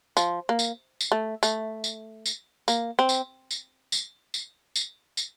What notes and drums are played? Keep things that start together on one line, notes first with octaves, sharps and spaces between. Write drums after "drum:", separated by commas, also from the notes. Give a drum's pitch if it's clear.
F3, drum: tambourine
A#3
drum: tambourine
drum: tambourine
A3
A3, drum: tambourine
drum: tambourine
drum: tambourine
A#3, drum: tambourine
C4
drum: tambourine
drum: tambourine
drum: tambourine
drum: tambourine
drum: tambourine
drum: tambourine